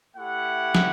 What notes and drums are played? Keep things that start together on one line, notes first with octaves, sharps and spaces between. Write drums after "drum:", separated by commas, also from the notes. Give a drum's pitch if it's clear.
A3 E4 G4 F#5
drum: snare